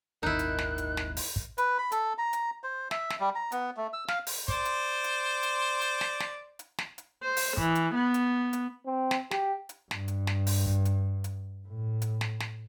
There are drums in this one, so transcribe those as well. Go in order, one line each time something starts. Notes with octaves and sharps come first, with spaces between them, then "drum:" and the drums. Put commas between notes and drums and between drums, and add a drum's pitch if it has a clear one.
D#1 G#1 D#2 D#3 D#4 E4 F#6
drum: hi-hat
drum: snare
drum: hi-hat
drum: snare
drum: open hi-hat
drum: kick
B4, drum: hi-hat
B5
A4, drum: hi-hat
A#5
drum: hi-hat
C5
E5, drum: snare
drum: snare
G3
A#5
B3, drum: hi-hat
A3
E6
F5, drum: snare
drum: open hi-hat
C5 D5, drum: kick
drum: hi-hat
drum: hi-hat
drum: hi-hat
drum: hi-hat
drum: snare
drum: snare
drum: hi-hat
drum: snare
drum: hi-hat
C5
drum: open hi-hat
E3, drum: kick
drum: hi-hat
B3
drum: hi-hat
drum: hi-hat
C4
drum: snare
G4, drum: snare
drum: hi-hat
G2, drum: snare
drum: hi-hat
drum: snare
drum: open hi-hat
drum: kick
drum: hi-hat
drum: hi-hat
A2
drum: hi-hat
drum: snare
drum: snare